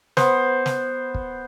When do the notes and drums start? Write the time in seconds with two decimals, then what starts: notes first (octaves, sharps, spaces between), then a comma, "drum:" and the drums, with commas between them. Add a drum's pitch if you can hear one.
0.17 B3 C5, drum: snare
0.66 drum: snare
1.14 drum: kick